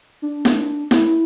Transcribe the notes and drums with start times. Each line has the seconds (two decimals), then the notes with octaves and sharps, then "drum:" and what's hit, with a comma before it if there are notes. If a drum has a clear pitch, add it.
0.22 D4
0.45 drum: snare
0.91 E4, drum: snare